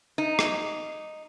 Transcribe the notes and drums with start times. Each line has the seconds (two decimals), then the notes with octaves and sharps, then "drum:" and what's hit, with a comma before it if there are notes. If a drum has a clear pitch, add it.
0.18 D#4
0.39 drum: rim click